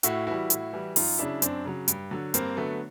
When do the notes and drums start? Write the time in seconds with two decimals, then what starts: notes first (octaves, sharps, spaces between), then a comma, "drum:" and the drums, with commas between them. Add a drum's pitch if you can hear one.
0.03 A2 E4 F#4, drum: hi-hat
0.27 E3 G3 E4 F#4
0.50 A2, drum: hi-hat
0.73 E3 G3
0.96 F#2 D#4 F4, drum: open hi-hat
1.18 C#3 F#3 D4 E4
1.42 F#2 C4 D4, drum: hi-hat
1.65 C#3 F#3
1.88 G2, drum: hi-hat
2.11 D3 F#3
2.34 G2 A#3 C4, drum: hi-hat
2.57 D3 F#3 A3 B3